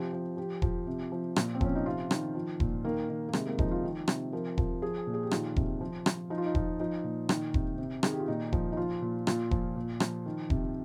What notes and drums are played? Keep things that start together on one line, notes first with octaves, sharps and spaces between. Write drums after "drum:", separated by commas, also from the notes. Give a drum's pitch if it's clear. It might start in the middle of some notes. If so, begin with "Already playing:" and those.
Already playing: C3 F3 G4
F3
F3 G4
F3, drum: kick E1
C3
F3
A#2, drum: rim click
C4
F3 C#4, drum: kick E1
D#4
C3 F4
D#3, drum: rim click
F3
A#2, drum: kick E1
D#3 A#3
D#3
A#3
C3 G#3, drum: rim click
A#3
F3 D#4, drum: kick E1
F4
D#3
C3, drum: rim click
F3 A#4
F3, drum: kick E1
F3 G#4
A#2
G#4
G4
D#3 F4, drum: rim click
C3, drum: kick E1
F3
F3, drum: rim click
F3 D#4
F4
D#4
F3, drum: kick E1
F3 D#4
A#2
D#3, drum: rim click
C3, drum: kick E1
C3
D#3 G#4, drum: rim click
G4
F4
A#2 D#4
F3, drum: kick E1
D#4
F3 F4
A#2
A#2 F4, drum: rim click
F3, drum: kick E1
A#2
F3, drum: rim click
D#3
C3, drum: kick E1